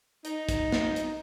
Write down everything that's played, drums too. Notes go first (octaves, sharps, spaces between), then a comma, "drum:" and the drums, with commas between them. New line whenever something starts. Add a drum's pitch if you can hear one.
D#4, drum: hi-hat
drum: kick, hi-hat
drum: snare
drum: hi-hat